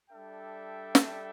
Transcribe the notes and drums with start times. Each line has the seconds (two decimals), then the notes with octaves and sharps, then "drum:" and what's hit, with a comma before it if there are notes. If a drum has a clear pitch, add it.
0.11 G3 D4 A4 E5 G5
0.95 drum: snare